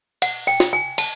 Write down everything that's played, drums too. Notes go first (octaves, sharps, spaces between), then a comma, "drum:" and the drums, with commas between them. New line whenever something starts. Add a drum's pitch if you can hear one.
F#5, drum: cymbal
G5
drum: snare
G#5
A5, drum: cymbal